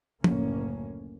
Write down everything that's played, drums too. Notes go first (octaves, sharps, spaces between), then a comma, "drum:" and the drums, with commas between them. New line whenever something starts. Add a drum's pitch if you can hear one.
F#1 D2 A2 A#3 C#4, drum: tom F3